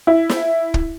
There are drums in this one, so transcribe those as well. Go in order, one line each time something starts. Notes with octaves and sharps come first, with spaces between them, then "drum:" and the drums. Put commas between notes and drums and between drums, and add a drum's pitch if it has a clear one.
E4
drum: snare
drum: kick